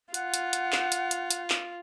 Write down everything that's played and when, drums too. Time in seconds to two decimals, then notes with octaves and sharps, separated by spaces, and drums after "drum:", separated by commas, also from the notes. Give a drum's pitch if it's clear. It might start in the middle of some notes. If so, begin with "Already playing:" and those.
0.14 F4 F#5 F#6, drum: hi-hat
0.34 drum: hi-hat
0.53 drum: hi-hat
0.72 drum: clap
0.92 drum: hi-hat
1.11 drum: hi-hat
1.31 drum: hi-hat
1.50 drum: clap